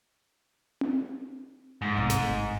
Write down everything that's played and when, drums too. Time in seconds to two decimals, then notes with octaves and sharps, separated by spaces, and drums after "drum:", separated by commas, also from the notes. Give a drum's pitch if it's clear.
0.81 drum: tom C4
1.82 G#2
1.97 A2 C3
2.10 G#1, drum: snare